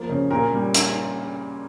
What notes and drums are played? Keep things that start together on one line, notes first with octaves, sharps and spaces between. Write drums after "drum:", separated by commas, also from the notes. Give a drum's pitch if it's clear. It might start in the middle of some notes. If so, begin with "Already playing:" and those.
Already playing: F3 A#3
C#3
A#2 A#4
G3
drum: hi-hat